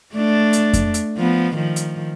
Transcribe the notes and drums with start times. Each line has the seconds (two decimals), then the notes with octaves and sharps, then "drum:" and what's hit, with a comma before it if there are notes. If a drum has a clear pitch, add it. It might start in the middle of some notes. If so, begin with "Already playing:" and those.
0.14 A3 D4
0.53 drum: hi-hat
0.73 drum: kick F2, hi-hat
0.94 drum: hi-hat
1.17 F3 B3
1.56 D#3 F3
1.76 drum: hi-hat